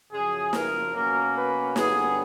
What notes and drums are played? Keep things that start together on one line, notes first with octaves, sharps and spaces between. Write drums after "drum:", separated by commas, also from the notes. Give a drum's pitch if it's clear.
F#2 C#3 F3 G#4
A#4, drum: snare
B2 F#3 A#3 C#4 A#4
B4
G2 D3 F#3 B3 G#4, drum: snare